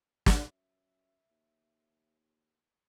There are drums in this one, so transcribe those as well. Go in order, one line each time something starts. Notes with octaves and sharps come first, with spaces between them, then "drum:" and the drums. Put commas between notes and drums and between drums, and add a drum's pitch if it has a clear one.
drum: snare
F#2 E5
D#2